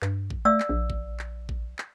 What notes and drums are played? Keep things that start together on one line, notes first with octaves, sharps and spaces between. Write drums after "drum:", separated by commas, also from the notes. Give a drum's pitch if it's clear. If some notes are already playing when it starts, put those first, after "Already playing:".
G2, drum: clap
drum: kick A1
A3 D5 F5 E6
drum: clap
A#1
drum: kick A1
drum: clap
drum: kick A1
drum: clap